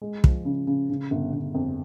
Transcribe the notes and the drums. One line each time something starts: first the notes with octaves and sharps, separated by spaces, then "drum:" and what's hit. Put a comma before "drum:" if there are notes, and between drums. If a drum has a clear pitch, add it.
G#3
F3, drum: kick
C#3
C#3
C#3
G1
G1
F2